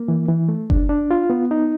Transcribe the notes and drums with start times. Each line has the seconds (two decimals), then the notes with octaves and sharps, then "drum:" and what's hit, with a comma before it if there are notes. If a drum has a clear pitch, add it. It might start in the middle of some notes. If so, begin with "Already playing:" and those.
Already playing: A#3
0.08 E3
0.28 E3
0.49 A3
0.70 D4, drum: kick F#1
0.89 D4
1.11 F4
1.30 B3
1.51 D#4